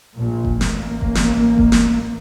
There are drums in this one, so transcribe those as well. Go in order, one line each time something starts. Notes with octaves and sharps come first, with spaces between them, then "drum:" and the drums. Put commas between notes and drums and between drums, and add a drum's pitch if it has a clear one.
A#1 A#2
drum: kick F#1
A1 A#3, drum: snare
drum: kick F#1
drum: snare
drum: kick F#1
drum: snare